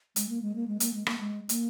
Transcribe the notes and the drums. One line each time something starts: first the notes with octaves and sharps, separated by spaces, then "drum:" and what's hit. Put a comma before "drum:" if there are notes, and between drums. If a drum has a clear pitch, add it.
G#3, drum: hi-hat
A#3
G#3
A#3
G#3
A#3, drum: hi-hat
G#3
A#3, drum: rim click
G#3
A#3, drum: hi-hat